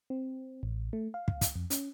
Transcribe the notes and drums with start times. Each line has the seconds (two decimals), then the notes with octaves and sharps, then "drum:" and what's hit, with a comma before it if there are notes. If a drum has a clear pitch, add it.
0.10 C4
0.63 A1
0.93 A3
1.14 F5
1.28 drum: kick
1.41 drum: kick, hi-hat
1.56 F2
1.70 C#4, drum: hi-hat